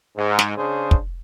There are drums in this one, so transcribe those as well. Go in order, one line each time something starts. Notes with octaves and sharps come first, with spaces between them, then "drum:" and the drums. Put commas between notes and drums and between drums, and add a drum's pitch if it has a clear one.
G#2
drum: snare
C#3 D4 G#4 C5
drum: kick